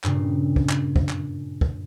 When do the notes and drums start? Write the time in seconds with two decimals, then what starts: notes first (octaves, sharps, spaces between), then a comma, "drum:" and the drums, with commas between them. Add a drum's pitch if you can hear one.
0.04 G2 A#2 C#3, drum: clap
0.56 drum: kick
0.69 drum: clap
0.96 drum: kick
1.09 drum: clap
1.61 drum: kick